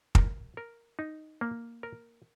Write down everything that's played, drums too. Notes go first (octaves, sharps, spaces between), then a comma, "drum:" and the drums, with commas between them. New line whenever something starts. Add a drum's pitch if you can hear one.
A#4, drum: kick
A#4
D#4
A#3
A#4